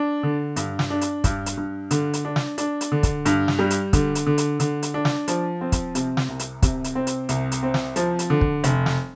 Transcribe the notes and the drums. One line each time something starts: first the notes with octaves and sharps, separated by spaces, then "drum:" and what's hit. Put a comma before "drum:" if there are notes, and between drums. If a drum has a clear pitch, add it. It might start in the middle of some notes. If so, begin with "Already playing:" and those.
Already playing: D4
D3
G2, drum: hi-hat
drum: snare
D4
drum: hi-hat
G2, drum: kick, hi-hat
drum: hi-hat
G2
D3, drum: hi-hat
drum: hi-hat
D4
drum: snare
D4, drum: hi-hat
drum: hi-hat
D3
drum: kick, hi-hat
G2, drum: hi-hat
drum: snare
G3
drum: hi-hat
D3, drum: kick, hi-hat
drum: hi-hat
D3
drum: hi-hat
D3, drum: hi-hat
drum: hi-hat
D4
drum: snare
F3, drum: hi-hat
C4
drum: kick, hi-hat
C3, drum: hi-hat
drum: snare
C2
drum: hi-hat
C3, drum: kick, hi-hat
drum: hi-hat
C4
drum: hi-hat
C2, drum: hi-hat
drum: hi-hat
C4
drum: snare
F3, drum: hi-hat
drum: hi-hat
D3
drum: kick
F1, drum: hi-hat
drum: snare